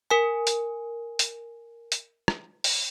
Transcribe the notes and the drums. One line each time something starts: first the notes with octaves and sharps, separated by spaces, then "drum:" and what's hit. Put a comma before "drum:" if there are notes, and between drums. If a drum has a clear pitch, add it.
A#4 G#5
drum: hi-hat
drum: hi-hat
drum: hi-hat
drum: rim click
drum: open hi-hat